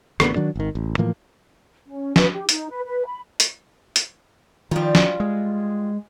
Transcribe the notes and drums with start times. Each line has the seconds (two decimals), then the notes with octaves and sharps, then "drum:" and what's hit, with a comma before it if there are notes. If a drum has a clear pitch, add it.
0.20 A1 D3 A#3 B3, drum: rim click
0.36 D#3 F#3 D4
0.56 G#1 D#3
0.75 A1
0.98 A2 E3 F3 A#3
1.87 C#4
2.16 B4, drum: snare
2.32 G4
2.49 D#4, drum: hi-hat
2.70 B4
2.85 B4
3.07 B5
3.40 drum: hi-hat
3.96 drum: hi-hat
4.71 D#3 F3 G3 F4
4.95 drum: snare
5.20 G#3